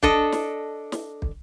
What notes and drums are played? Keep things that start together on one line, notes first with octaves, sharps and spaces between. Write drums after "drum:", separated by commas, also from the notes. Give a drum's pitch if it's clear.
D4 A4 D#5, drum: kick
drum: snare
drum: snare
drum: kick